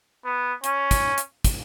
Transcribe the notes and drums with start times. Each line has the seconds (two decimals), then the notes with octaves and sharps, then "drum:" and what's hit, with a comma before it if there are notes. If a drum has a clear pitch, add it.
0.25 B3
0.64 C#4, drum: hi-hat
0.91 drum: kick, hi-hat
1.18 drum: hi-hat
1.44 drum: kick, hi-hat